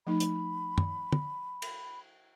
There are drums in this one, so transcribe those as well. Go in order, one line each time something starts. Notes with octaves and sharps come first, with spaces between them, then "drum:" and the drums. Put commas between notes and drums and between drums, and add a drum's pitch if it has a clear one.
F3 A3 D#4 B5
drum: hi-hat
drum: tom
drum: tom
drum: cymbal